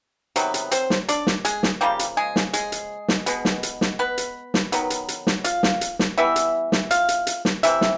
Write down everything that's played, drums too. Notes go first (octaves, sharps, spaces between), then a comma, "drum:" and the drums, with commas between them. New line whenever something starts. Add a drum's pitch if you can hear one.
C3 D#3 F#3 B3, drum: hi-hat
drum: hi-hat
C4 C5, drum: hi-hat
drum: snare
D4 D5, drum: hi-hat
drum: snare
G#3 G#4, drum: hi-hat
drum: snare
C#3 F3 G3 A#3 G4
drum: hi-hat
G#3 G#4
drum: snare
G#3 G#4, drum: hi-hat
drum: hi-hat
drum: snare
B2 G#3 B3, drum: hi-hat
drum: snare
drum: hi-hat
drum: snare
B3 B4
drum: hi-hat
drum: snare
D#3 F#3 B3, drum: hi-hat
drum: hi-hat
drum: hi-hat
drum: snare
F4 F5, drum: hi-hat
drum: snare
drum: hi-hat
drum: snare
E3 G3 B3 E4 E5
drum: hi-hat
drum: snare
F4 F5, drum: hi-hat
drum: hi-hat
drum: hi-hat
drum: snare
C3 E3 E5, drum: hi-hat
drum: snare